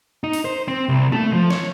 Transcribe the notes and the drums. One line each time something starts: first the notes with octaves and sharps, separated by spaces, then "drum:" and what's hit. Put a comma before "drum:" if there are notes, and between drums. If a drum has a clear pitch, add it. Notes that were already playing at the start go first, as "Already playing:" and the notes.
D#4
drum: open hi-hat
C5
C4
C2
A3, drum: tom
F3
C#5, drum: snare